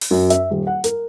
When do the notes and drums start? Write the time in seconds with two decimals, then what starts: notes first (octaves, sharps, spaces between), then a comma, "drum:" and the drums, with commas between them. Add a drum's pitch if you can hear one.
0.01 drum: open hi-hat
0.11 F#2
0.30 E5, drum: hi-hat
0.50 D#1
0.67 F#5
0.84 A#4, drum: hi-hat